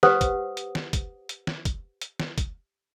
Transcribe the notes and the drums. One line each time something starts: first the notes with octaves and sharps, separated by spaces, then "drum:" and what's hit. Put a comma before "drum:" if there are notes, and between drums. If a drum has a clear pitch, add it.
G4 B4 C5 F#5 D#6, drum: snare
drum: kick, hi-hat
drum: hi-hat
drum: snare
drum: kick, hi-hat
drum: hi-hat
drum: snare
drum: kick, hi-hat
drum: hi-hat
drum: snare
drum: kick, hi-hat